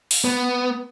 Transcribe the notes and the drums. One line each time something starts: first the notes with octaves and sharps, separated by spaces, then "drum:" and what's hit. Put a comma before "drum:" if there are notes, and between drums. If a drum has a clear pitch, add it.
drum: open hi-hat
B3